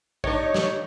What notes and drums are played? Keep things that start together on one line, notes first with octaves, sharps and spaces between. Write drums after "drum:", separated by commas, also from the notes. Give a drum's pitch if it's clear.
D4 D#4 G4 C#5, drum: kick
drum: snare